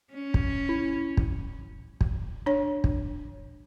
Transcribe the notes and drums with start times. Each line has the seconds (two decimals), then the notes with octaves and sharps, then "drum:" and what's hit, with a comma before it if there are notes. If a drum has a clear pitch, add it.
0.13 C#4
0.34 drum: kick
0.69 E4
1.17 drum: kick
2.01 drum: kick
2.46 D4 C#5
2.84 drum: kick